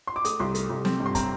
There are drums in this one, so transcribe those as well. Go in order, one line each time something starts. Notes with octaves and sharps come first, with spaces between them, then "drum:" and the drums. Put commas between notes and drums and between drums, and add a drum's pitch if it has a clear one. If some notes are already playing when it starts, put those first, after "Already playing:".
C6
D6
A3 D#6, drum: hi-hat
C2 C6
A3, drum: hi-hat
C2
C4, drum: snare
G2
C6
C4 A#5, drum: kick, hi-hat